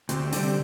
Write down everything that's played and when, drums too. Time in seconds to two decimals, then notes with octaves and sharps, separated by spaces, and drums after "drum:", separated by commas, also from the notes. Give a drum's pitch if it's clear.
0.09 D2 C3, drum: hi-hat
0.33 D3 G3, drum: open hi-hat